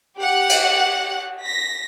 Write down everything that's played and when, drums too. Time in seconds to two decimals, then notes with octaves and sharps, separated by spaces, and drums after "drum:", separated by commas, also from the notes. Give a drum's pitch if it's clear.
0.18 G4 F#5 F#6
0.49 drum: cymbal
1.44 A#6 B6